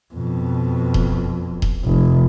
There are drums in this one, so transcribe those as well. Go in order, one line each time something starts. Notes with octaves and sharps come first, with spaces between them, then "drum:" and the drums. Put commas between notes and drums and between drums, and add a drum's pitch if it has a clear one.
F2 B2
drum: kick D#1
drum: kick D#1
F1